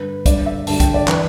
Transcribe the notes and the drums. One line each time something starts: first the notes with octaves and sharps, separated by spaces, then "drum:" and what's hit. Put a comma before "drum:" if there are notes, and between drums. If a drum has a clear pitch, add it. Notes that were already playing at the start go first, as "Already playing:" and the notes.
Already playing: G2 D3 B4
G2 D3 D5, drum: kick, hi-hat
E5
G2 D3 A5, drum: open hi-hat
G5, drum: kick, hi-hat
D5
E3 B4, drum: clap